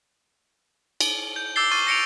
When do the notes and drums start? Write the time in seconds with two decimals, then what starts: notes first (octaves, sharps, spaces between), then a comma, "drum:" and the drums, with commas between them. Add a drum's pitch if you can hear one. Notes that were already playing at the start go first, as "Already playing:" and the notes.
1.01 drum: cymbal
1.36 G6
1.56 D6 E6 G6 A6 C7 G7
1.71 C#6 F6 A6 D#7
1.87 A#6 C#7 D7 F7